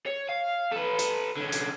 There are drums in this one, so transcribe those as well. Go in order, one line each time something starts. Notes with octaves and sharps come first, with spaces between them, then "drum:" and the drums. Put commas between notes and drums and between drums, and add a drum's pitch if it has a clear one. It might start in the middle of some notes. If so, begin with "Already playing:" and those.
C#5
F5
A4 B4
drum: hi-hat
D3 C#4
drum: hi-hat